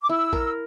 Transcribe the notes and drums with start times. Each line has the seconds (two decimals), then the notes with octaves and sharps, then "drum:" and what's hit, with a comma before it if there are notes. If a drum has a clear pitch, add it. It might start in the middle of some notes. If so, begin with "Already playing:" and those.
0.03 D6
0.09 E4 E6
0.33 A#4, drum: kick A#1